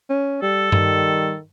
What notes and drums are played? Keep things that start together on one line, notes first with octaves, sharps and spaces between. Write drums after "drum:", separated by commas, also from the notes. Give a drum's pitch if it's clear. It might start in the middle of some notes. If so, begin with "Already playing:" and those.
C#4
G3 A4
D#3 G3, drum: tom G2